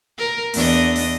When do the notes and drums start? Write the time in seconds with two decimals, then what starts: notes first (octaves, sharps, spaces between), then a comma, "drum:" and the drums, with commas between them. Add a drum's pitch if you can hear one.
0.18 A#4
0.54 E2 D4 D#5, drum: open hi-hat
0.96 drum: open hi-hat